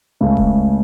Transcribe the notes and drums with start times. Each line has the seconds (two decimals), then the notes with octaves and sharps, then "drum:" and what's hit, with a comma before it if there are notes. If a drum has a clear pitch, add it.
0.21 C#2 C#3 A3
0.37 drum: kick E1